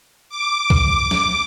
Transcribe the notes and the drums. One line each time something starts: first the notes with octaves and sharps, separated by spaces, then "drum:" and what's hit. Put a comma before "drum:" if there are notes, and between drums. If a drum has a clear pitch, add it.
D6
drum: kick C2
drum: snare